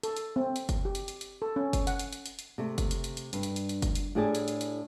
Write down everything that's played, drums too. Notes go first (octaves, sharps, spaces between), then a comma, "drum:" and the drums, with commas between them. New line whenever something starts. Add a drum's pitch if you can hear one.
A4, drum: hi-hat
drum: hi-hat
C4
drum: hi-hat
drum: kick F#1, hi-hat
G4
drum: hi-hat
drum: hi-hat
drum: hi-hat
A4
C#4
drum: kick F#1, hi-hat
F#5, drum: hi-hat
drum: hi-hat
drum: hi-hat
drum: hi-hat
drum: hi-hat
C3 A3
drum: kick F#1, hi-hat
drum: hi-hat
drum: hi-hat
drum: hi-hat
G2, drum: hi-hat
drum: hi-hat
drum: hi-hat
drum: hi-hat
drum: kick F#1, hi-hat
drum: hi-hat
A2 D4 G4 G#4 G#5 A5
drum: hi-hat
drum: hi-hat
drum: hi-hat